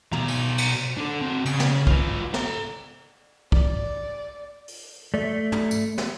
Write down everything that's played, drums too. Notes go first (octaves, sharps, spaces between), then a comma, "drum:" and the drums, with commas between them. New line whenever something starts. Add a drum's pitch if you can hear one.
B2 A#5, drum: tom
drum: cymbal
drum: cymbal
D4 A4
C4 F#4
C#3, drum: cymbal
drum: snare
F4 B4, drum: kick
A4 A#5, drum: snare
D5, drum: kick
drum: open hi-hat
A3 D5
drum: tom
drum: tambourine
drum: snare